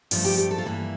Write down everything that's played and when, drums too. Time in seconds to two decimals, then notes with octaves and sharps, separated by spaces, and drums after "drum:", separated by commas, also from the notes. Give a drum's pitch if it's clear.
0.11 G2 F3 A3 F4, drum: open hi-hat
0.25 G4
0.37 G4
0.51 A4
0.58 F4
0.65 G2 E3 A#3 E4